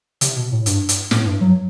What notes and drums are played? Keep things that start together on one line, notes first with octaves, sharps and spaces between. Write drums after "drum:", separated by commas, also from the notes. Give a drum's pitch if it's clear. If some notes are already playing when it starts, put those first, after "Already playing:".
C3, drum: hi-hat
B2
A2
G2, drum: hi-hat
drum: hi-hat
A2, drum: snare
G2
F#3